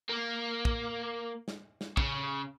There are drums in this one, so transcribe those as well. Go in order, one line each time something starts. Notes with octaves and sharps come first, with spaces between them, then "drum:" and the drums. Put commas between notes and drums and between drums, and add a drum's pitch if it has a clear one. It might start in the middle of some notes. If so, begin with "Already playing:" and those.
A#3
drum: kick
drum: snare
drum: snare
C#3, drum: kick